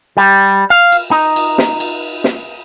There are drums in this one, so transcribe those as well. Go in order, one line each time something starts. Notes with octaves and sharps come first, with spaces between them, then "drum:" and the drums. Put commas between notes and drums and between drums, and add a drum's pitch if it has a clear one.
G3
F5
drum: cymbal
D#4
drum: cymbal
drum: snare
drum: cymbal
drum: snare